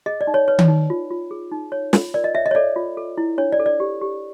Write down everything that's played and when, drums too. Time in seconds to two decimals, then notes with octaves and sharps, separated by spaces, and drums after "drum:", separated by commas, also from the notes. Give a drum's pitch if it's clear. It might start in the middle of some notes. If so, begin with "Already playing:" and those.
0.06 G#4 D#5
0.21 D5
0.27 D#4
0.34 C#5
0.48 B4 C#5
0.59 drum: tom D#3
0.68 D#4
0.90 F4
1.10 F4
1.31 G#4
1.52 D#4
1.72 C#5
1.93 F4, drum: snare
2.14 A#4 D5
2.24 D#5
2.35 C#5 E5
2.46 D#5
2.51 C#5
2.55 A4 D5
2.76 F4
2.97 A4
3.18 E4
3.38 D4 C#5
3.52 D5
3.60 A4
3.66 D5
3.80 G4
4.01 G4